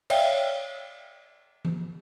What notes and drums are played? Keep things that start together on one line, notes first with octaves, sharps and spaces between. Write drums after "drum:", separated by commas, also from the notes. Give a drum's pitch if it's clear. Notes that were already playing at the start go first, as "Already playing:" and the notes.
C#5 D5 E5 F5 G5, drum: cymbal
drum: tom E3